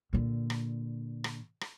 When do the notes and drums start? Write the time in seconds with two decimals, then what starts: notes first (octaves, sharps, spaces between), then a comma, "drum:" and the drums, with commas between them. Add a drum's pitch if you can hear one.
0.13 A#2 D3
0.50 drum: rim click
1.24 drum: rim click
1.61 drum: rim click